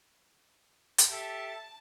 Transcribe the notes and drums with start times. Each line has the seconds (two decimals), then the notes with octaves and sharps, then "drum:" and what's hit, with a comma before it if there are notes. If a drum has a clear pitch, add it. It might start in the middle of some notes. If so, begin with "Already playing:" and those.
0.98 drum: hi-hat
1.09 G4 A4 E5 A5